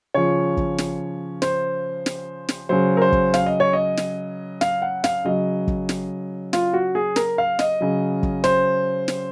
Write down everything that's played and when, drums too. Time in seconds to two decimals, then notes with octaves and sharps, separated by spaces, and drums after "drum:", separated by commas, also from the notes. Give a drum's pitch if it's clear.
0.14 C#3 F3 C#5
0.57 drum: kick
0.78 drum: snare
1.42 C5, drum: snare
2.06 drum: snare
2.49 drum: snare
2.69 C#3 F#3 C5
2.97 A#4
3.02 C5
3.12 drum: kick
3.34 F5, drum: snare
3.46 D#5
3.60 C#5
3.73 D#5
3.97 drum: snare
4.61 F5, drum: snare
4.82 F#5
5.04 F5, drum: snare
5.25 C#3 F#3 D#5
5.68 drum: kick
5.89 drum: snare
6.53 F4, drum: snare
6.73 F#4
6.95 G#4
7.16 A#4, drum: snare
7.38 F5
7.59 D#5, drum: snare
7.81 C#3 F#3
8.23 drum: kick
8.44 C5, drum: snare
9.08 drum: snare